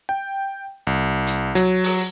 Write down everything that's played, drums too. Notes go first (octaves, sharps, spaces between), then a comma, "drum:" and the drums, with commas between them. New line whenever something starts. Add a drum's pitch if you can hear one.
G5
C2
drum: hi-hat
F#3, drum: hi-hat
drum: open hi-hat